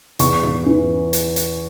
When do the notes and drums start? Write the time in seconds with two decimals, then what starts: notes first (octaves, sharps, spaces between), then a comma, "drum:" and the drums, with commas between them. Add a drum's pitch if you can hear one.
0.19 E2 C#6, drum: hi-hat
0.43 drum: tom G#2
0.66 E3
1.13 drum: hi-hat
1.36 drum: hi-hat